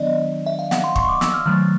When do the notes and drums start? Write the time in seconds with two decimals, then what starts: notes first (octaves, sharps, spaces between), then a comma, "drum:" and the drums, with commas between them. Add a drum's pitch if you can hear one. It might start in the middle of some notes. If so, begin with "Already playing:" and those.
Already playing: D#3 F#3 B3 D4 D5 D#5
0.46 E5
0.59 F5
0.71 F#5, drum: snare
0.84 C6
0.96 C#6, drum: kick
1.09 D6
1.21 E6, drum: snare
1.34 F6
1.46 D#3 F#3 A3 F6